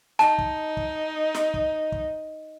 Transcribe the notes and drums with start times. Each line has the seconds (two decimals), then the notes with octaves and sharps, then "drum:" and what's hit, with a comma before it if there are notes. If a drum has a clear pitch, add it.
0.19 D#4 A5, drum: snare
0.38 drum: kick
0.77 drum: kick
1.35 drum: snare
1.54 drum: kick
1.92 drum: kick